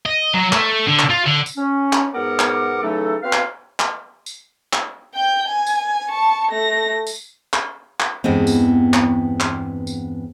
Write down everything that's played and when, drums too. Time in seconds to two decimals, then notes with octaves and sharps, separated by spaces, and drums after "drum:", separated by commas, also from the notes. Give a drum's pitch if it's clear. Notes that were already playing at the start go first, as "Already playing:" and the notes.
0.06 D#5
0.34 F#3
0.53 A3, drum: clap
0.87 D3
0.99 drum: clap
1.10 F4
1.26 D3
1.46 drum: tambourine
1.57 C#4
1.93 drum: clap
2.14 G#2 B2 B3 A#4 F#5 D6
2.39 drum: clap
2.82 C#3 E3 F#3 A3 D#4 A4
3.23 B3 C4 F#4 B4 F5
3.33 drum: clap
3.80 drum: clap
4.26 drum: tambourine
4.73 drum: clap
5.14 G5 G6
5.47 G#5
5.66 drum: tambourine
6.09 A5 C#6
6.51 A3 A#6
7.07 drum: tambourine
7.53 drum: clap
8.00 drum: clap
8.24 E2 G2 G#3 B3 C4
8.47 drum: tambourine
8.94 drum: clap
9.40 drum: clap
9.87 drum: tambourine